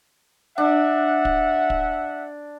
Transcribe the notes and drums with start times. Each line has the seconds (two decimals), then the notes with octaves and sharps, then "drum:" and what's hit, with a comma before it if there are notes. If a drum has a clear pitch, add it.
0.58 D4 E5 F#5
1.25 drum: kick
1.70 drum: kick